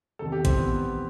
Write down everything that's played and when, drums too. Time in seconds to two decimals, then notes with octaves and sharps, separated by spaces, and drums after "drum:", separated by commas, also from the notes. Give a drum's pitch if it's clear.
0.19 E2 C3 D#3 A4
0.32 G4
0.45 C4, drum: kick G#1, hi-hat
0.58 B3